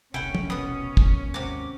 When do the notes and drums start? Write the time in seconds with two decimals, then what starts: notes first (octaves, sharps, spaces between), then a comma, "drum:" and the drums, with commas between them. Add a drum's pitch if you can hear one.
0.14 D#1 A#1 C3 C#4 E4 F#5 G5
0.35 drum: tom
0.50 B2 B3 D#6
0.97 G#1 D#2, drum: kick
1.34 C3 F#4 D6